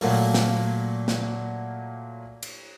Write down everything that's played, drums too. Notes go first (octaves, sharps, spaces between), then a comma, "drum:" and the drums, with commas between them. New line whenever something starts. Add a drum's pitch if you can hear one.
A#2 F#3 A3 A#3, drum: open hi-hat
drum: snare
drum: snare
drum: cymbal